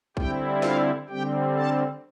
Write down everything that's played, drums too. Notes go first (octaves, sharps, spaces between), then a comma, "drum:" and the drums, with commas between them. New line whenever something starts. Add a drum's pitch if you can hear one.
D3 G3 C4 E4 G4 G5, drum: kick A#1
F4 F5, drum: snare
D3 G3 C4 G4 G5
A4 A5